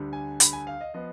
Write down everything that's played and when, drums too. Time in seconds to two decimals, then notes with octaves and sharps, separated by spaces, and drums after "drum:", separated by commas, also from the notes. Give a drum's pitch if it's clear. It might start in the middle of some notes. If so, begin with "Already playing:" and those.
Already playing: D2 D3 G3
0.13 G#5
0.40 B5, drum: hi-hat
0.53 G#5
0.67 F5
0.81 D#5
0.94 F3 B3 D#5